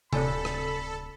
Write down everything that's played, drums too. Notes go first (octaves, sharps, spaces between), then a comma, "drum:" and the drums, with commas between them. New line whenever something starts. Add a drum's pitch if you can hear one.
D1 C4 A4 D5 G#5 B5, drum: tom C3
drum: rim click